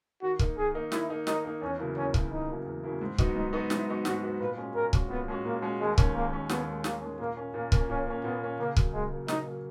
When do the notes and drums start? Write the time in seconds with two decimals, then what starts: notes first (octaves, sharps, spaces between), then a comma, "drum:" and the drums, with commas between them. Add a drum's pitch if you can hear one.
0.22 D#3 F#4
0.39 A#3 D#4, drum: kick
0.57 D#3 G#4
0.74 A#3 D#4
0.92 D#3 E4, drum: snare
1.09 A#3 D#4
1.27 D#3 D#4, drum: snare
1.44 A#3 D#4
1.62 E2 C#4
1.78 C#3 F#3 A#3 E4
1.96 E2 C#4
2.14 C#3 F#3 A#3 E4, drum: kick
2.31 E2 D#4
2.49 C#3 F#3 A#3 E4
2.66 E2
2.83 C#3 F#3 A#3 E4
3.02 G#2
3.18 F#3 B3 D#4 F#4, drum: kick
3.36 G#2 D#4
3.53 F#3 B3 D#4 F#4
3.70 G#2 E4, drum: snare
3.89 F#3 B3 D#4 F#4
4.05 G#2 F#4, drum: snare
4.23 F#3 B3 D#4 F#4
4.40 A#2 B4
4.58 G#3 C#4 F#4
4.75 A#2 A#4
4.93 G#3 C#4 F#4, drum: kick
5.10 A#2 B3
5.28 G#3 C#4 F#4
5.44 A#2 A#3
5.62 G#3 C#4 F#4
5.80 D#2 G#3
5.98 D#3 G#3 C#4, drum: kick
6.14 D#2 A#3
6.32 D#3 G#3 C#4
6.49 D#2 B3, drum: snare
6.67 D#3 G#3 C#4
6.84 D#2 A#3, drum: snare
7.02 D#3 G#3 C#4
7.19 A#2 A#3
7.36 A#3 C#4
7.54 A#2 A#3
7.72 A#3 C#4, drum: kick
7.90 A#2 C#4
8.07 A#3 C#4
8.24 A#2 B3
8.41 A#3 C#4
8.59 C#3 A#3
8.76 F#3 A#3, drum: kick
8.93 C#3 G#3
9.12 F#3 A#3
9.28 C#3 D#4, drum: snare
9.47 F#3 A#3